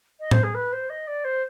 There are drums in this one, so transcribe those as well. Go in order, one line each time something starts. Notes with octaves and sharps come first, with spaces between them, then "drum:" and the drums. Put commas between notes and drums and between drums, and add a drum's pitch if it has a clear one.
D#5
C5, drum: tom A2
G#4
B4
C5
D#5
D5
C5